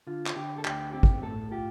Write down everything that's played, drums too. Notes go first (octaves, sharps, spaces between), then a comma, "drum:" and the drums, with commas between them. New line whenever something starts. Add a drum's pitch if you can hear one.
D3 F4
drum: clap
D3 G4
A4
D2 G4, drum: clap
C4 G4
drum: kick
A2 A4
F4 G4